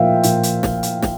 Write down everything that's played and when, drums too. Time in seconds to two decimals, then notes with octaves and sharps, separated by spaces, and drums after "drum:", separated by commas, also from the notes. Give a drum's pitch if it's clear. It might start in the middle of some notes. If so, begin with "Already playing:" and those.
Already playing: A#2 F3 A#3 F4 E5 F5 G5
0.23 A#2 F3 A#3, drum: hi-hat
0.43 drum: hi-hat
0.63 drum: snare
0.83 drum: hi-hat
1.02 drum: snare